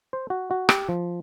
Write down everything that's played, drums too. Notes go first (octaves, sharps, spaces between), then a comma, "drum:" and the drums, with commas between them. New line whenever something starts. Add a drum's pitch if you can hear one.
C5
F#4
F#4
G4, drum: rim click
F3